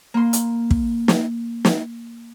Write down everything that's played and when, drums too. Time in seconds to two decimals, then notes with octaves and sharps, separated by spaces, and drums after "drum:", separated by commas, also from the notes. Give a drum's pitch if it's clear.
0.14 A#3 C6
0.33 drum: hi-hat
0.71 drum: kick
1.08 drum: snare
1.65 drum: snare